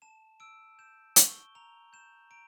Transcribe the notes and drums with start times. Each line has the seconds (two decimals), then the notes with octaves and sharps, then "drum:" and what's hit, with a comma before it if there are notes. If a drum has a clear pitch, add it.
0.02 A5 E7
0.40 E6 D7
0.79 G6 E7
1.16 C#6 G7, drum: hi-hat
1.55 A#5 F7
1.93 G6 E7
2.31 A#5 D7